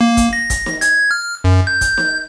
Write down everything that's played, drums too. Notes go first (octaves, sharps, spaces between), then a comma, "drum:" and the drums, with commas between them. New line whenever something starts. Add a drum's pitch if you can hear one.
A#3
drum: kick, hi-hat
A#6
drum: kick, hi-hat
drum: snare
G#6, drum: hi-hat
F6
F#2
G6
drum: kick, hi-hat
drum: snare